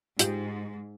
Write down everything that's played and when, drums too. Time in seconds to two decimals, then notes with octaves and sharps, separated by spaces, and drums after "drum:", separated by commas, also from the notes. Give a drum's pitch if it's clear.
0.19 G#2 F4 G4 G5, drum: hi-hat